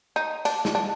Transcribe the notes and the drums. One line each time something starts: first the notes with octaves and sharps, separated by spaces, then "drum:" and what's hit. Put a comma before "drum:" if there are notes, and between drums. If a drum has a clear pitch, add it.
D#4
D4, drum: cymbal
drum: snare
D4